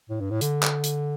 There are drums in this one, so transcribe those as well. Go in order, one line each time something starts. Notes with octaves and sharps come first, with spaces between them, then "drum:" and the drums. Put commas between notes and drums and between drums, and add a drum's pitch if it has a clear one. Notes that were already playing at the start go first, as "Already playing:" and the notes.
A2
G2
A2
D3, drum: hi-hat
drum: clap
drum: hi-hat